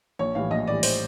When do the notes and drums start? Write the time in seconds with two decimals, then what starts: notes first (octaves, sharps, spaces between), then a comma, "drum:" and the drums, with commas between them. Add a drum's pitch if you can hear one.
0.19 A#1 C#5
0.35 A2 E3 G3 F5
0.51 A#1 D#5
0.67 A2 E3 G3 D5
0.83 C5, drum: open hi-hat